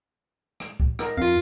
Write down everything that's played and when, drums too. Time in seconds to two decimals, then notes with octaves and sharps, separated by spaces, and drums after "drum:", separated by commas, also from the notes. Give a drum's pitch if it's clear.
0.60 drum: rim click
0.80 drum: kick
0.99 D#4 A#4, drum: rim click
1.17 F2 F4 F5